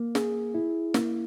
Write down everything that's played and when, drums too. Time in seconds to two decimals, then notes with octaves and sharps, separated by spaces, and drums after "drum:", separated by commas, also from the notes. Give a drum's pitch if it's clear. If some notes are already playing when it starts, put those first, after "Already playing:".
Already playing: A#3
0.15 G#4, drum: snare
0.54 E4
0.94 A#3, drum: snare